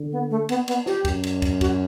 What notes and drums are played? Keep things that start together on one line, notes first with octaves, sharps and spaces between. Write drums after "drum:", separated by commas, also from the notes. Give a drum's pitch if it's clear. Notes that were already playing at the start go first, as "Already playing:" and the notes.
Already playing: D3
B3
A3
B3, drum: cymbal
B3, drum: cymbal
G4, drum: snare
F#2, drum: kick, cymbal
drum: cymbal
drum: kick, cymbal
F#4, drum: kick, cymbal